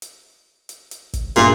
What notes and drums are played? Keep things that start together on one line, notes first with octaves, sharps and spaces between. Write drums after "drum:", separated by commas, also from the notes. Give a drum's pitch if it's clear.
drum: hi-hat
drum: hi-hat
drum: hi-hat
drum: kick, hi-hat
G2 A#2 G#4 E5, drum: hi-hat